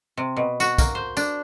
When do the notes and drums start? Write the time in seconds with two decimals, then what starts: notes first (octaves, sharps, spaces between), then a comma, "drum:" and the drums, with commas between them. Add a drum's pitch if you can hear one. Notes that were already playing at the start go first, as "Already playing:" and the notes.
0.17 C3
0.37 B2
0.60 F#4, drum: tambourine
0.78 A#3, drum: kick, tambourine
0.95 C5
1.17 D4, drum: tambourine